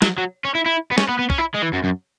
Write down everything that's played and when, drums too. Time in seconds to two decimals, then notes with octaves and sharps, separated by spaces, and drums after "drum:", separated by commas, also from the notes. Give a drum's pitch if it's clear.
0.02 F#3, drum: snare
0.18 F#3
0.45 C#4
0.55 E4
0.66 E4
0.92 B3
0.98 C#4, drum: snare
1.09 B3
1.19 B3
1.30 C#4, drum: kick
1.38 E4
1.54 G#3
1.62 E3
1.73 F#2
1.84 F#2